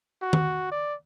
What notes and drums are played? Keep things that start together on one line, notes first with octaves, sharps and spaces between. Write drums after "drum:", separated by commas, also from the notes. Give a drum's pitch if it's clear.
F#4
drum: tom D#3
D5